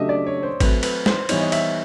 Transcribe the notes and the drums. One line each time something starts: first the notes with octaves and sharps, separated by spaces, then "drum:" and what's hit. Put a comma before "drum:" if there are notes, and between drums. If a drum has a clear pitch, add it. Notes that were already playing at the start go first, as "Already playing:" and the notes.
Already playing: C#3 F#3 A3 D4 G4 D#5 E5
D5
C#5
C5
F#3 A3 C4 B4, drum: kick G#1, cymbal
B4, drum: cymbal
C5, drum: snare
E3 G3 B3 D#4 C#5, drum: cymbal
D#5
E5, drum: cymbal